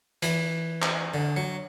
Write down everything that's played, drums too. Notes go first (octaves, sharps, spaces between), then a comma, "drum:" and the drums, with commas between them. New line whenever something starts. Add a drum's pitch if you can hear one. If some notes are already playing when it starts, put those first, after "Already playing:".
E3, drum: hi-hat
drum: clap
D3
F#3